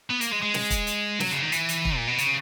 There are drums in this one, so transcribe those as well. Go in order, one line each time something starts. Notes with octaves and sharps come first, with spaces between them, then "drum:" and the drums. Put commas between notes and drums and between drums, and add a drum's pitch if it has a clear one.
B3
A#3, drum: hi-hat
G#3
G#3
drum: snare
drum: kick, hi-hat
drum: hi-hat
F#3, drum: snare
C#3
D#3
E3, drum: hi-hat
drum: hi-hat
drum: kick
A#2
B2
C#3, drum: hi-hat